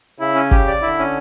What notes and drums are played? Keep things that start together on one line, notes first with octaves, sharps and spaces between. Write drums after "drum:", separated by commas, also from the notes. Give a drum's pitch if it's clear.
C#3 E4
C#4
G4, drum: kick G1
D5
D3 E4
C#4